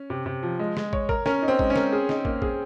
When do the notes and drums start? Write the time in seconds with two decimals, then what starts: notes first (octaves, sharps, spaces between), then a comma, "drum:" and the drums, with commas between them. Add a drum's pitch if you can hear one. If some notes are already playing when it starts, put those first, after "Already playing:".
Already playing: C#4
0.10 C3
0.26 C3
0.43 F3
0.59 G#3
0.77 G#3, drum: snare
0.93 C#5, drum: kick
1.09 A#4, drum: kick
1.26 C#4 A#4, drum: snare
1.42 D#4
1.48 C4
1.59 G#3, drum: kick
1.70 C#4
1.76 A#4, drum: snare
1.92 G#4
2.09 D#4, drum: snare
2.25 A#3, drum: kick
2.42 G#4, drum: kick